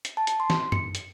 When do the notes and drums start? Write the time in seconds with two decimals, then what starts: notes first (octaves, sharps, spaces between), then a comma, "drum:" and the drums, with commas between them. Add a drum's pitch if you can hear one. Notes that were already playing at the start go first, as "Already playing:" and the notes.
0.05 drum: hi-hat
0.17 A5
0.27 drum: hi-hat
0.40 C6
0.50 drum: snare
0.72 C#7, drum: tom F#2
0.95 drum: hi-hat